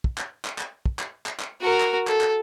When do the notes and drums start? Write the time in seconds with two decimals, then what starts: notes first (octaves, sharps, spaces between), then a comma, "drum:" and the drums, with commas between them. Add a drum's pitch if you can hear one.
0.04 drum: kick
0.18 drum: clap
0.45 drum: clap
0.58 drum: clap
0.86 drum: kick
0.99 drum: clap
1.26 drum: clap
1.40 drum: clap
1.61 F#4 A#4
1.80 drum: clap
2.07 A4, drum: clap
2.21 drum: clap